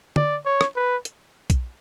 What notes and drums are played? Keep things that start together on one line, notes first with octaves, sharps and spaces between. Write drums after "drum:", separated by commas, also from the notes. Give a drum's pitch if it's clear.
D5, drum: tom
C#5
drum: rim click
B4
drum: hi-hat
drum: kick, hi-hat